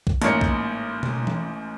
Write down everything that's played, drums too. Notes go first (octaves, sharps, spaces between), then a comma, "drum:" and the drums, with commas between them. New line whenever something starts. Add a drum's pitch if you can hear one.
drum: kick C2
A1 G#2 A#3 A#4 C#5 C#7, drum: hi-hat
drum: kick C2
drum: tom B2
drum: tom E3